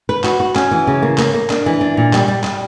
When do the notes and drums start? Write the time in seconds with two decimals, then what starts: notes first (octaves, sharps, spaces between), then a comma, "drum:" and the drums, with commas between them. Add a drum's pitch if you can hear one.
0.09 B4
0.24 F#4, drum: clap
0.40 F#4
0.56 C#4, drum: clap
0.71 E3
0.87 C#3
1.02 A#3
1.18 A#3, drum: clap
1.34 A#3
1.50 D4, drum: clap
1.66 E3
1.81 D4
1.97 A#2
2.13 G3, drum: clap
2.28 G3
2.44 G3, drum: clap